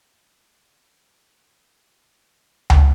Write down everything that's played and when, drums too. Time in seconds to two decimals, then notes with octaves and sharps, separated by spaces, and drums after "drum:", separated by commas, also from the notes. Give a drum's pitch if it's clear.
0.27 B1 F#3 B3 F#5 G5
2.70 drum: tom C#2